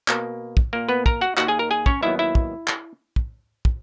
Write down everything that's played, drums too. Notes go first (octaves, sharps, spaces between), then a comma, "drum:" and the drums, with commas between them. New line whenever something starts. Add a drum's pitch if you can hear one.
B2 A#3, drum: clap
drum: kick
A#2 A#3 A#4
B3 B4
A#4 A#5, drum: kick
F#4 F#5
D#2 D#3 A#3 F#4 F#5, drum: clap
G#4 G#5
A#4 A#5
G#4 G#5
C#4 C#5, drum: kick
D#2 D#3 F#3 B3 E4 E5
E4 E5
drum: kick
drum: clap
drum: kick
drum: kick